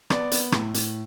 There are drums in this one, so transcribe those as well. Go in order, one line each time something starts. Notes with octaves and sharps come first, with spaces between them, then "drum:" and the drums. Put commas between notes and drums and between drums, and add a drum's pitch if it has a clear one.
B3 D5, drum: rim click
B3, drum: hi-hat
A2, drum: rim click
A2, drum: hi-hat